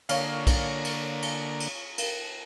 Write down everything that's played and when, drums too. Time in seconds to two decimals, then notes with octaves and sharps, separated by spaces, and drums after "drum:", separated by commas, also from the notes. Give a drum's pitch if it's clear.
0.09 D3 A#3 C#5 F5, drum: cymbal
0.47 drum: kick B1, cymbal
0.85 drum: cymbal
1.22 drum: cymbal
1.60 drum: cymbal
1.98 drum: cymbal